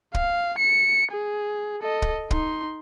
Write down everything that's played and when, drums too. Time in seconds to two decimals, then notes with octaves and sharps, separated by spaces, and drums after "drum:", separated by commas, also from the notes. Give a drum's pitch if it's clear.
0.14 F5, drum: kick
0.58 C#7
1.12 G#4
1.82 A4 D#5
2.02 drum: kick
2.31 D#4 C6, drum: kick